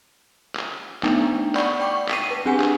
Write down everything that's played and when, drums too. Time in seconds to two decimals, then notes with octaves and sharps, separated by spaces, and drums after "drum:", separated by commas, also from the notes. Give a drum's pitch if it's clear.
0.55 drum: clap
1.03 A3 B3 D4 D#4 G5, drum: clap
1.55 D5 F#5 B5 C#6 G6, drum: clap
1.79 D5 G5 C#6 D6
2.09 B6 C7 D#7, drum: clap
2.31 B4
2.45 C4 D4 G4 G#4 F#5 G#5
2.60 drum: clap